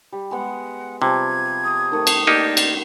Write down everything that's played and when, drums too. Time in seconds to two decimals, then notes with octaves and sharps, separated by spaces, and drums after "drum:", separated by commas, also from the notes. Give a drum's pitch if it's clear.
0.12 G3
0.31 G#3 B3 F#5
1.02 C3 F3 G3 G#6
1.65 D#6
1.92 D#3 A3
2.07 drum: cymbal
2.27 A#3 D#4 G4 D5
2.57 drum: cymbal